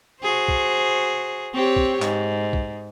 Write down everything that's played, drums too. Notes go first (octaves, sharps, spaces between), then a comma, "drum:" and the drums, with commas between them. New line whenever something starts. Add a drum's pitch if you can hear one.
F#4 G#4 C5
drum: kick
C4 G4 C#5
drum: kick
G#2, drum: clap
drum: kick